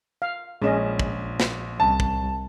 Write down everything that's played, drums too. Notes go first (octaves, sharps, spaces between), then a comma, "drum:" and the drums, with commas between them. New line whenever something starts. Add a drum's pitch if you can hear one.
F5
A#1 G#3 C#4 D#5 E7
drum: kick
drum: snare
C2 A5
drum: kick